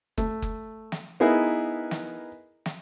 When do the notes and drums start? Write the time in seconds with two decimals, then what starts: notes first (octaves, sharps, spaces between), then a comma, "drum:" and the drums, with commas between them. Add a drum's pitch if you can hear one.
0.18 A3, drum: kick F#1
0.42 drum: kick F#1
0.92 drum: snare
1.20 B3 D#4 E4 G#4 A#4 B4
1.91 drum: snare
2.66 drum: snare